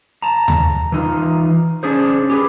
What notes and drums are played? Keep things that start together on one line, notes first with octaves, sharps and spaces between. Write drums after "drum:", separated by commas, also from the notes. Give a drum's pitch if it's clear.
A5 A#5
drum: tom D#2
E3 D#4 F4
C#4 D4 G#4 C5
G4 G#4 B4